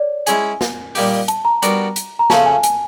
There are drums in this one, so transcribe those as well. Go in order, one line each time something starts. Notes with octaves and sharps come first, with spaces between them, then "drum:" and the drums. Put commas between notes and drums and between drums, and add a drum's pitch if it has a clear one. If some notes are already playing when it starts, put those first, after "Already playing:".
Already playing: C#5 D5
G#3 C#4 E4 G#4 G#5, drum: hi-hat
drum: snare
A#2 G3 A#3 D#4 G4, drum: open hi-hat
A5, drum: hi-hat
A#5
G3 B3 D4 F#4 A#4, drum: hi-hat
drum: hi-hat
A#5
C#3 F3 A3 C#4 A5, drum: snare
G#5
G#5, drum: hi-hat